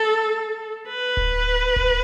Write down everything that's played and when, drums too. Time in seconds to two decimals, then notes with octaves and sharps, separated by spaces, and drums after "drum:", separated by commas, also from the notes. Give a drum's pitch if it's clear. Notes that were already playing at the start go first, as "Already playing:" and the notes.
Already playing: A4
0.87 B4
1.17 drum: kick D1
1.76 drum: kick D1